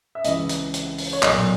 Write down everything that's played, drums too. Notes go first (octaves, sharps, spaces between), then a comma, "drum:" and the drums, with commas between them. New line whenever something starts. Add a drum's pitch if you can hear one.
E5
C#2 C#3 E3 D#5, drum: hi-hat
drum: hi-hat
drum: hi-hat
drum: open hi-hat
C#5
B1 A#2 F#3 D#5, drum: clap